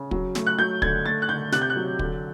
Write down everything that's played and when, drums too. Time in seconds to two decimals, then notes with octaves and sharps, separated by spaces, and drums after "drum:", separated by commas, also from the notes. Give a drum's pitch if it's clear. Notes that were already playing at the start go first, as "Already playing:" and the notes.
Already playing: C#3
0.11 F#3, drum: kick
0.35 A3, drum: snare
0.47 F#6
0.59 F#3 G6
0.82 D3 G#6, drum: kick
1.05 A3 A6
1.22 F#6
1.29 D3 G6
1.52 C3 F#6, drum: snare
1.61 G6
1.70 F#6
1.76 F#3
1.99 D3, drum: kick